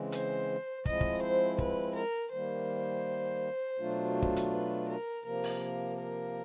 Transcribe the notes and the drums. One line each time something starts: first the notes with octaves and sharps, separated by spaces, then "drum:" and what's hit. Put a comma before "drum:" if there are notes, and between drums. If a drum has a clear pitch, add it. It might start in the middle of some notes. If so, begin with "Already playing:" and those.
Already playing: C#3 E3 G#3 C4
C5, drum: hi-hat
F3 G#3 C4 E4 D#5, drum: kick
drum: kick
C5
B4, drum: kick
A#4
D#3 G3 A#3 C5
B2 F#3 A3 D4 F4
drum: kick
drum: hi-hat
B4
A#4
C3 F3 A#3 A#4
drum: open hi-hat
A#4